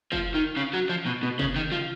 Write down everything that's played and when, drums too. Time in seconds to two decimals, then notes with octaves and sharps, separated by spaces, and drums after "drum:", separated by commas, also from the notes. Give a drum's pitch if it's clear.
0.12 F3, drum: kick
0.34 D#3
0.56 C#3
0.73 F#3
0.89 F3
1.06 B2
1.23 B2
1.39 C#3, drum: kick
1.56 D#3
1.72 F3, drum: tom C3